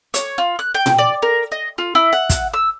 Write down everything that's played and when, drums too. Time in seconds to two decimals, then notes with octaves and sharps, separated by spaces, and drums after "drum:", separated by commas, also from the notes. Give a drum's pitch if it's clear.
0.14 C#5, drum: hi-hat
0.38 F4
0.59 F#6
0.74 G5
0.86 drum: tom A#2
0.98 D5
1.22 A#4
1.52 D#5
1.78 F4
1.95 E4
2.13 F#5
2.30 drum: kick, hi-hat
2.54 E6